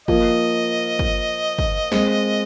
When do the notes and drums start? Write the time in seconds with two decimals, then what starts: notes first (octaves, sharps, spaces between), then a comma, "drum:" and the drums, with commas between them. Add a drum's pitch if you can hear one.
0.08 F3 A#3 D#5, drum: kick
0.99 drum: kick
1.59 drum: kick
1.92 G#3 C4, drum: snare